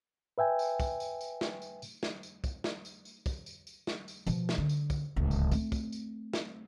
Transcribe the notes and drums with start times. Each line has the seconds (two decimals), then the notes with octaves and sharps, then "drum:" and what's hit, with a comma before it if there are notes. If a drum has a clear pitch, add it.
0.38 B4 E5 G5 G#5
0.59 drum: tambourine
0.80 drum: kick, tambourine
1.00 drum: tambourine
1.21 drum: tambourine
1.41 drum: snare
1.62 drum: tambourine
1.82 drum: tambourine
2.03 drum: snare
2.23 drum: tambourine
2.44 drum: kick, tambourine
2.64 drum: snare
2.85 drum: tambourine
3.05 drum: tambourine
3.26 drum: kick, tambourine
3.46 drum: tambourine
3.67 drum: tambourine
3.87 drum: snare
4.08 drum: tambourine
4.27 B2 F3, drum: tambourine
4.49 drum: snare
4.58 D3
4.69 drum: tambourine
4.90 drum: kick, tambourine
5.16 D1 C#2
5.31 drum: tambourine
5.51 A3 C4, drum: tambourine
5.72 drum: kick, tambourine
5.92 drum: tambourine
6.33 drum: snare